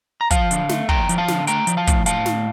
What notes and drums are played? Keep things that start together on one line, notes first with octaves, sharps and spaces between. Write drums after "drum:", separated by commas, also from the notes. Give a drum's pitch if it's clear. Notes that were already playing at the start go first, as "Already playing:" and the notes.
A#5
F3 F5 A5, drum: kick, hi-hat
D3, drum: hi-hat
A3, drum: snare
F2 G5 A#5, drum: kick
F3, drum: hi-hat
F5 A5
D3, drum: snare
A3 G5 A#5, drum: hi-hat
F3, drum: hi-hat
F5 A5
A2, drum: kick, hi-hat
A2 F5 A5, drum: hi-hat
A3, drum: snare